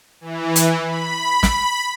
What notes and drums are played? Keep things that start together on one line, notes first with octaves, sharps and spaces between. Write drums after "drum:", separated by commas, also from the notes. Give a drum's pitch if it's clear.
E3
drum: hi-hat
B5
drum: snare